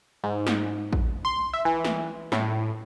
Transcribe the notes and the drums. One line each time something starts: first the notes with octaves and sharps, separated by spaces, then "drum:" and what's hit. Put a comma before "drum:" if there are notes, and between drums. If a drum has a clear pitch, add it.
G#2
drum: snare
drum: kick
C6
E5
E3
drum: snare
A2, drum: snare